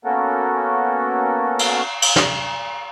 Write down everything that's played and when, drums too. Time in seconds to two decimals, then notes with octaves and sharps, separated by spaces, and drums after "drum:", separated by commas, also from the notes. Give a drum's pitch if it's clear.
0.05 A#3 B3 C#4 F#4 A4 A#4
1.59 drum: cymbal
2.02 drum: cymbal
2.16 drum: snare